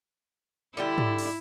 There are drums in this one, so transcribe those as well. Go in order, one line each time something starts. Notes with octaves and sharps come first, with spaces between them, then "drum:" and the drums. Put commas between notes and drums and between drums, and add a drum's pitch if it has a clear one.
D3 G3 E4 G4
drum: tom G#2
drum: open hi-hat